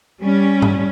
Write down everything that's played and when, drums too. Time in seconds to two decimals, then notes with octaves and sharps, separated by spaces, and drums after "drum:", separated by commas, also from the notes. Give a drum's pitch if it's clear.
0.19 G3 C#4
0.62 drum: tom G2